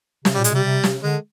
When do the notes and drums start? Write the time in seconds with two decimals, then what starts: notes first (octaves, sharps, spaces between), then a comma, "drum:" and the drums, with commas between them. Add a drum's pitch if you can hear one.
0.25 C3, drum: snare
0.34 G3
0.38 A#2
0.44 G#3, drum: hi-hat
0.51 C3 G3
0.64 C3
0.84 C3, drum: snare
1.03 D3 G#3